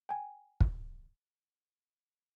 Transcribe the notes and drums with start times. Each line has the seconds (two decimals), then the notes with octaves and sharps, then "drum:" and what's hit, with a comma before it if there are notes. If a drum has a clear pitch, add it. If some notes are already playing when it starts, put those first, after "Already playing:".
0.09 G5 G#5
0.60 drum: kick